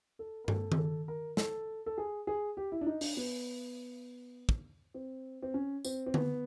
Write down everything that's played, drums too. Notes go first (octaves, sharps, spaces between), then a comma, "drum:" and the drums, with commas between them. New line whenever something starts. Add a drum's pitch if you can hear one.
A4
A#4
A4, drum: tom G2
G#4, drum: tom D#3
A4
A#4
A4, drum: snare
A4
G#4
G#4
G4
E4
D4
D#4
D4, drum: open hi-hat
B3
drum: kick
C4
C4
C#4
C4, drum: tambourine
C4
B3, drum: tom D3